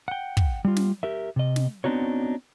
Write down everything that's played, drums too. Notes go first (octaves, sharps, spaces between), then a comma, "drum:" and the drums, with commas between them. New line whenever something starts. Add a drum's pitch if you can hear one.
F#5 G5
drum: kick
G3 F4
drum: snare
G4 A#4 E5
C3 D#5
drum: snare
B3 C4 D4 D#4 F#4 C#5